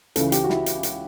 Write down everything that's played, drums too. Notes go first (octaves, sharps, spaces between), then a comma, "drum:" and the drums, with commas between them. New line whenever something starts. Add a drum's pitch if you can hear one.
C#2 C#3 E3 A4, drum: hi-hat
G4, drum: hi-hat
F#4
E4, drum: snare
drum: hi-hat
drum: hi-hat